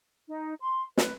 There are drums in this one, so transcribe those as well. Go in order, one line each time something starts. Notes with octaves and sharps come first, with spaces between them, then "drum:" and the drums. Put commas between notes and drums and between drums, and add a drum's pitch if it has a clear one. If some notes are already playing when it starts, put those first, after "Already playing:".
D#4
C6
B4, drum: snare